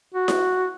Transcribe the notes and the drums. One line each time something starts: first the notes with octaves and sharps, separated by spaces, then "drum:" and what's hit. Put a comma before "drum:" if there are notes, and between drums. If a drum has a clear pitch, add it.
F#4
drum: snare E4